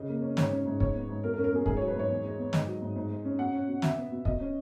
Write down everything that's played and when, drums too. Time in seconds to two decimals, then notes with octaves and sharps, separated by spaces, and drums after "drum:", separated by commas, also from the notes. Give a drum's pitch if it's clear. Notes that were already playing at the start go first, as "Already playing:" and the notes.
Already playing: C#3 D#5
0.08 A#3
0.22 C#4
0.37 G#2 C#5, drum: snare
0.52 C#4
0.66 G#2
0.80 G#2 C#5, drum: kick
0.95 B3
1.09 G#2
1.23 B2 A#4
1.34 A#4
1.38 C#4
1.44 A#4
1.52 B2 G#4
1.66 G#2 G#4, drum: kick
1.77 C#5
1.81 F#3
1.88 B4
1.95 G#2 C#5
2.10 E2
2.25 G#3
2.39 B3
2.53 G#2 D#5, drum: snare
2.67 F#3
2.82 G#2
2.96 G#2
3.10 G#3
3.25 C#4
3.39 B2 F#5
3.53 C#4
3.67 B2
3.82 B2 E5, drum: snare
3.97 B3
4.11 B2
4.25 B2 D#5, drum: kick
4.40 C#4